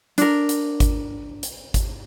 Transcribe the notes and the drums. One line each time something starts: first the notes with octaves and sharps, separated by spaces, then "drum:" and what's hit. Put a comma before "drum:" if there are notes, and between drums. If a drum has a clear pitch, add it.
D4 A#4, drum: hi-hat
drum: hi-hat
drum: kick G#1, hi-hat
drum: hi-hat
drum: kick G#1, hi-hat